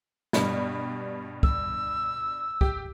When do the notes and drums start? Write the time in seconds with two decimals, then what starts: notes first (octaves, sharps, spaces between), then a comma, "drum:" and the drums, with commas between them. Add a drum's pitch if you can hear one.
0.33 G2 B2 G3, drum: snare
1.43 E6, drum: kick
2.61 G4, drum: kick